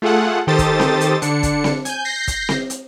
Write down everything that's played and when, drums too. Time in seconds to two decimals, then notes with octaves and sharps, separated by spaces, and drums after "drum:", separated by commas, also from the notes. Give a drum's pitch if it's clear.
0.02 A3 F4 G#4 A4 F#5
0.47 D#3 G4 A4 C5 D#6 A6
0.59 drum: kick, hi-hat
0.80 drum: snare C4
1.01 drum: hi-hat
1.22 D3 D4 C#7, drum: hi-hat
1.43 drum: kick, hi-hat
1.64 drum: snare C4
1.85 G#5 G6, drum: hi-hat
2.05 G6 A#6 C7
2.28 drum: kick, hi-hat
2.49 drum: snare C4
2.70 drum: hi-hat